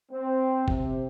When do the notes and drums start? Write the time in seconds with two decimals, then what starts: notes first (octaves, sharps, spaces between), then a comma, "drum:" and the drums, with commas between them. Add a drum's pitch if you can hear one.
0.12 C4
0.68 C3, drum: kick F#1